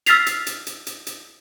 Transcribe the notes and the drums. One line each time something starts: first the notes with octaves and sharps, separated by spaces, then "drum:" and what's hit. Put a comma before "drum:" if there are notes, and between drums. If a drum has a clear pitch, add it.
E6 F6 A6 B6 C7 F7, drum: hi-hat
drum: hi-hat
drum: hi-hat
drum: hi-hat
drum: hi-hat
drum: hi-hat